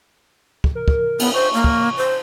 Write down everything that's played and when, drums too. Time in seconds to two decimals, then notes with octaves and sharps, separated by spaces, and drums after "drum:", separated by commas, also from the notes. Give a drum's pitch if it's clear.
0.64 drum: kick
0.75 A#4
0.88 drum: kick
1.19 B3, drum: cymbal
1.34 C5 C#6
1.54 A#3
1.64 drum: kick
1.97 C5